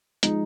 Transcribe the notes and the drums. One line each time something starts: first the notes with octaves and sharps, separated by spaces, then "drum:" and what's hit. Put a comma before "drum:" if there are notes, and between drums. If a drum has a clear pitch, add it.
F3 G#3 D#4, drum: hi-hat